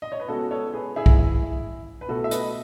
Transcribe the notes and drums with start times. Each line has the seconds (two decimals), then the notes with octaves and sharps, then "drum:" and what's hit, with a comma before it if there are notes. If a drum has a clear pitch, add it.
0.02 D#5
0.12 C#5
0.20 B4
0.28 C#3 G#3 B3 F#4 A4
0.51 A4 C#5
0.74 G#4 B4
0.96 E4 G#4
1.06 drum: kick C2
1.19 E4
2.01 B4
2.08 B2 A3 F#4 A4
2.24 E5
2.31 B4 D#5, drum: hi-hat